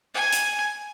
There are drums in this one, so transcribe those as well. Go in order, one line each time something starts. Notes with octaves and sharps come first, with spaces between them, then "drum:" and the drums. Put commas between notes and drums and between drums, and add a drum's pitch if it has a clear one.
G#5
drum: hi-hat